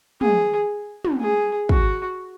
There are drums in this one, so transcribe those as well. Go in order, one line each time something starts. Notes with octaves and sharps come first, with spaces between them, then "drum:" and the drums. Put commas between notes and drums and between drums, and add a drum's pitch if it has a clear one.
G#4, drum: tom
drum: tom
G#4
F#4, drum: kick